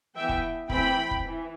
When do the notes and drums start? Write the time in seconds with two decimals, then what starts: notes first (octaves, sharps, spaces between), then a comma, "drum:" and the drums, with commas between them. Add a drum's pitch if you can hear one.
0.15 E3 B3 E5 G5
0.29 drum: kick
0.70 E3 A3 C4 G5 B5, drum: kick
1.11 drum: kick
1.25 E3